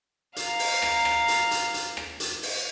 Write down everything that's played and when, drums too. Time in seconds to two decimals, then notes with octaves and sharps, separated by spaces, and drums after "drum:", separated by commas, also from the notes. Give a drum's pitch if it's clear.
0.36 F5 A#5, drum: hi-hat
0.59 drum: open hi-hat
0.82 drum: rim click
1.05 drum: rim click
1.28 drum: hi-hat
1.51 drum: hi-hat
1.74 drum: hi-hat
1.97 drum: rim click
2.20 drum: hi-hat
2.43 drum: open hi-hat